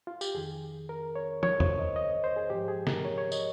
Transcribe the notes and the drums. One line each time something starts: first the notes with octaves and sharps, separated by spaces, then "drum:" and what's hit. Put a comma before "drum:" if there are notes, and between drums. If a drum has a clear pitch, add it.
F4
G4, drum: tambourine
F2 D#3 G#4
A#4
C#5
C#5, drum: tom
C5, drum: tom E2
D#5
D#5
C5
G#4
G#2 F3 G4
G#4
A#4, drum: snare
C#5
C#5
D#5, drum: tambourine